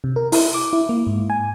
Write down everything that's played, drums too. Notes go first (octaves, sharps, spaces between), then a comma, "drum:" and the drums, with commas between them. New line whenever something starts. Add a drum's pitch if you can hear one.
C3
A#4
E4, drum: open hi-hat
D6
E4
A#3
G#2
G#5